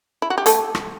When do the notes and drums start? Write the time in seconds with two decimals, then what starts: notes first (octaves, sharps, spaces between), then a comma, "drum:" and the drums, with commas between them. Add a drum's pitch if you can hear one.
0.22 E4
0.30 F#4
0.38 G4
0.46 A3 A4, drum: hi-hat
0.75 drum: rim click